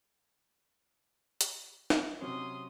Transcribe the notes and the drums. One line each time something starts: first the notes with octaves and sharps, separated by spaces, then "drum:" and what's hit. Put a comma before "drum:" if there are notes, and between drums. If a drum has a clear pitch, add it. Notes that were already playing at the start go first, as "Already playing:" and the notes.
drum: hi-hat
D#5 E5, drum: snare
C3 F#3 C#4 C6 D#6